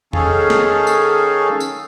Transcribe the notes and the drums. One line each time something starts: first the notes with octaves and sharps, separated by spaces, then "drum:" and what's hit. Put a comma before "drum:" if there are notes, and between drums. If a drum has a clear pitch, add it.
D#3 C#4 G#4 A4 F5, drum: tom E2
drum: snare
drum: tambourine
drum: tambourine